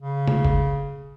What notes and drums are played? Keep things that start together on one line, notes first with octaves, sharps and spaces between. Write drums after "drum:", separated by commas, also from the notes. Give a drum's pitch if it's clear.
C#3
drum: tom
drum: kick